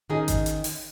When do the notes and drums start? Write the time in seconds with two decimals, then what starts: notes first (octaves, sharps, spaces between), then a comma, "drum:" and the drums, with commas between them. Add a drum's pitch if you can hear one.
0.10 D#3 C#4 D#4 G#4
0.28 drum: kick G#1, hi-hat
0.46 drum: hi-hat
0.64 drum: open hi-hat